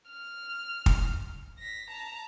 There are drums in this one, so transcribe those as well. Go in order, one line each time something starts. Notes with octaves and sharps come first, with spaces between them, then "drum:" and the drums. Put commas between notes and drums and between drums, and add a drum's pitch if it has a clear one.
F6
drum: kick
A#6 B6
A5 A#5